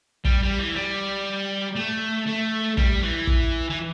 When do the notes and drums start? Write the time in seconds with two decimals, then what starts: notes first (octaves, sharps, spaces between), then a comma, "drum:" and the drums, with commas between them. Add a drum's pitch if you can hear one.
0.25 G3, drum: kick
0.43 G3
0.59 E3
0.75 G3
1.76 A3
2.26 A3
2.77 G3, drum: kick
3.03 E3
3.27 drum: kick
3.70 E3